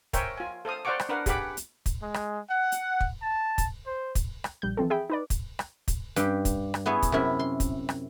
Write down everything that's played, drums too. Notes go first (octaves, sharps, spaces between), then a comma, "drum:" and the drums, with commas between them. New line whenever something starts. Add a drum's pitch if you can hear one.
A#4 C5 C#5 E5 G5 G#5, drum: kick, hi-hat
F4 G#5
A4 C5 F5 D#6
C5 D5 F5 F#5 C#6 D6
drum: rim click
D4 A#4 B4 F5 F#5
G4 G#4 B4 F#5 B5 D6, drum: kick, hi-hat
drum: hi-hat
drum: kick, hi-hat
G#3
drum: rim click
F#5
drum: hi-hat
drum: kick
A5
drum: kick, hi-hat
C5
drum: kick, hi-hat
drum: rim click
A#1 G3 G6
E3 F3 C4 A4
G#4 E5 G5 B5
D#4 B4 D5
drum: kick, hi-hat
drum: rim click
drum: kick, hi-hat
G2 G4, drum: hi-hat
drum: kick, hi-hat
drum: rim click
B3 E4 G#4 C#5
drum: kick, hi-hat
F#2 C3 E4
C6
drum: kick, hi-hat
drum: rim click